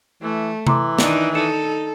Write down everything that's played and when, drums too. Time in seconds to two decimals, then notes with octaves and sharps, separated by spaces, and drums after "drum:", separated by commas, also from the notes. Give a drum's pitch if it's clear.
0.22 E3 A3
0.67 E3 A#5 C6 D6, drum: tom C3
0.99 D#3 D4 D#4, drum: snare
1.35 D#4 A4 C#7 E7